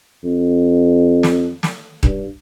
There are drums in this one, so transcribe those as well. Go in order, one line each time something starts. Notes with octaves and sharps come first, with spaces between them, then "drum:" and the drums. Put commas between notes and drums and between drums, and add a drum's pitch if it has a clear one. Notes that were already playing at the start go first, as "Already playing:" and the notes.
F2
drum: snare
drum: snare
G2, drum: kick D#1